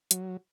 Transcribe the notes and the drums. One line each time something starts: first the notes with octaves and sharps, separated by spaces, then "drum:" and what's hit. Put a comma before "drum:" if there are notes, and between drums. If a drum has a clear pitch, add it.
F#3, drum: hi-hat